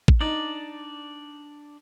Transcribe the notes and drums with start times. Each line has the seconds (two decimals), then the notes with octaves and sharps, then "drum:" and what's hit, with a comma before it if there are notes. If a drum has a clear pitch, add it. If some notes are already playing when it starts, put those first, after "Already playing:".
0.08 drum: kick A1
0.21 D4 D#4 D5